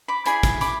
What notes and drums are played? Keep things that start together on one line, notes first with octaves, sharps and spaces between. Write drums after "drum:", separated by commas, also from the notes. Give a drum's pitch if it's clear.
B5 D6
E4 G#4 D5 G#5 B5, drum: hi-hat
drum: kick, hi-hat
B5 D6, drum: hi-hat